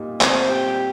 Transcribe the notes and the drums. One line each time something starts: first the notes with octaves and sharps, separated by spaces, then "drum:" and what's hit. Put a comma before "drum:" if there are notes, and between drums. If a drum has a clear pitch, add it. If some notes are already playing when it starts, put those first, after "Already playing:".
Already playing: A#2 G3 D#4
C4 C5, drum: clap
G3 G4